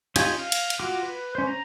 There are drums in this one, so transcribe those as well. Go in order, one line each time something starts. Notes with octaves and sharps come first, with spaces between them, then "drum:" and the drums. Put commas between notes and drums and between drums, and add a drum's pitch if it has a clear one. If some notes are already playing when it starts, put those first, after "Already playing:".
C#4 D#4 F4 G4 G#5, drum: cymbal
F5
drum: cymbal
drum: cymbal
F4 F#4 D6
B4
C#4 C5
A#5